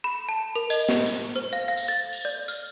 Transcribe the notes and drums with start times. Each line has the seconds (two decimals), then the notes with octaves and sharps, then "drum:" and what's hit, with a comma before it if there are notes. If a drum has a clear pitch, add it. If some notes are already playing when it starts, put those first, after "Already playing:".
0.04 B5
0.29 A5
0.55 A#4
0.70 D#5, drum: tambourine
0.89 drum: snare
1.06 drum: tambourine
1.36 C5
1.53 F5
1.68 F5
1.77 drum: tambourine
1.88 A6
2.13 drum: tambourine
2.25 D5
2.48 F6, drum: tambourine